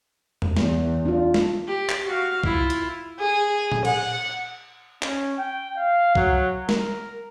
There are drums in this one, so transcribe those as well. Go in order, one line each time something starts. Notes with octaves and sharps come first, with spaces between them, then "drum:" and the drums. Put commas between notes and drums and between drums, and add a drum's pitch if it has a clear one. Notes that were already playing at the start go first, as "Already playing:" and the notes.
drum: tom E2
E2, drum: snare
D4 F4
drum: snare
G4
drum: clap
F#4 F5
E4 F4, drum: kick B1
drum: hi-hat
G#4
drum: tom A#2
F#5, drum: cymbal
C#4, drum: clap
G5
F5
F#3, drum: kick B1
A#4, drum: snare